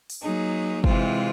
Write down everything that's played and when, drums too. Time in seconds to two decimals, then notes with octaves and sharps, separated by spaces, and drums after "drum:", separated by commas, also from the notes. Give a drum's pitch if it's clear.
0.10 drum: open hi-hat
0.21 F#3 A#3 D#4 G#4
0.84 C3 E3 G#3 C4 F4, drum: kick